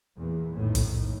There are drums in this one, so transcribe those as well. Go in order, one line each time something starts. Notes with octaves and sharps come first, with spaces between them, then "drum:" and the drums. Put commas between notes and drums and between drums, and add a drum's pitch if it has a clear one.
E2 A#2
A#1 F2 A2 D#3
drum: kick, hi-hat